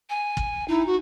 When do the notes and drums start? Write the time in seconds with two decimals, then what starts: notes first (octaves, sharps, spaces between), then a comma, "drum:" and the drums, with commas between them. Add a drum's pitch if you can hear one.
0.09 G#5
0.37 drum: kick
0.68 D#4 E4
0.86 F#4